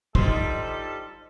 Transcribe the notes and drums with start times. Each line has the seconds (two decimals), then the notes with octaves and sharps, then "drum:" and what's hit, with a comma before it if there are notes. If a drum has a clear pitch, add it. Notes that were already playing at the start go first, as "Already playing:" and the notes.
0.15 G3 D#4 F4 A4 C5, drum: kick